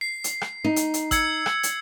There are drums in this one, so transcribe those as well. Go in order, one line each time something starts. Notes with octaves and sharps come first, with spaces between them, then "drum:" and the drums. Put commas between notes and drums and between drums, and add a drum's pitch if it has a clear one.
C7
drum: hi-hat
drum: rim click
D#4
drum: hi-hat
drum: hi-hat
E6 G#6 C#7, drum: kick G#1, hi-hat
drum: rim click
drum: hi-hat